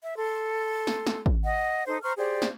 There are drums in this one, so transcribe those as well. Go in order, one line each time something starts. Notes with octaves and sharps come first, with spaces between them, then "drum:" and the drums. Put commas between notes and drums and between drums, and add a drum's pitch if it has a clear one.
E5
A4 C6
drum: snare
drum: snare
drum: kick A1
D#5 F#5
D#4 A4 C5
C5 A#5 C#6 F6
G4 G#4 C5 D5
drum: snare